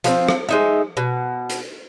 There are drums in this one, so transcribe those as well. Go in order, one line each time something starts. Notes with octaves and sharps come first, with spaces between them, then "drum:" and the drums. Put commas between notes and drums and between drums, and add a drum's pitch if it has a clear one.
F3 G#3 C4, drum: hi-hat
drum: rim click
G#3 D#4 E5
B2
drum: hi-hat